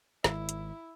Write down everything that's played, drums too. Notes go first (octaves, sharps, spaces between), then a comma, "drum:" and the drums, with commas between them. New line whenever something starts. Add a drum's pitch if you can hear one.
G#1 E4, drum: snare
drum: hi-hat